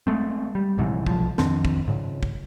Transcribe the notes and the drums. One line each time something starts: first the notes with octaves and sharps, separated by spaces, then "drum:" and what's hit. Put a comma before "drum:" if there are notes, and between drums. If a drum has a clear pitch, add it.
G#3 A3 C4
G3
A#1 G#2 C3 E3
B1 F3, drum: kick
F2 D#3 C4 D4, drum: snare
drum: kick
G#2 C#3
drum: kick